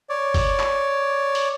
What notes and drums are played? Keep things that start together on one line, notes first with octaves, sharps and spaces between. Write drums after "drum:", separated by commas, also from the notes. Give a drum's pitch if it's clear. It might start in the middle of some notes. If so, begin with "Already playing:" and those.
C#5 D5
drum: kick F#1, open hi-hat
drum: clap
drum: open hi-hat